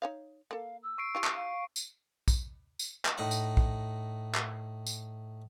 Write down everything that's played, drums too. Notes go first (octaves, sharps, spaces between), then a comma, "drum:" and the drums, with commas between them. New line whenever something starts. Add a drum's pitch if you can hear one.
D#4 C#5 F5
A#3 A4 F5
E6
C#6 C7 D7
E4 F4 G4 C#6
drum: clap
F5
drum: tambourine
drum: kick A#1, tambourine
drum: tambourine
drum: clap
A2 D#4 F#5
drum: tambourine
drum: kick A#1
drum: clap
drum: tambourine